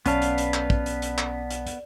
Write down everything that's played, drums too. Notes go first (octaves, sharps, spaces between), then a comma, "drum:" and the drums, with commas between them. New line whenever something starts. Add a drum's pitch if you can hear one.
B1 B3 C#4 B4 D5 F5 A5, drum: hi-hat
drum: hi-hat
drum: hi-hat
drum: clap
drum: kick
drum: hi-hat
drum: hi-hat
drum: clap
drum: hi-hat
drum: hi-hat